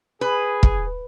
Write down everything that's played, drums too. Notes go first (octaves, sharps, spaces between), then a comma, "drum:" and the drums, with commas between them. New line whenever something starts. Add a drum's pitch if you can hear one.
G#4 B4
drum: kick